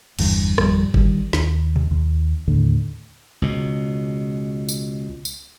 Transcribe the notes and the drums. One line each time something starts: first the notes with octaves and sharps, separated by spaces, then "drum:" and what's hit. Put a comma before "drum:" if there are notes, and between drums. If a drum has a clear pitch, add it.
G1 E2 G2, drum: cymbal
G#1 F2 D#3 G3, drum: rim click
D#3 G3, drum: kick G1
D#2, drum: snare
drum: tom B2
D#2
D#2 A2 D3
C#2 B2
drum: tambourine
drum: tambourine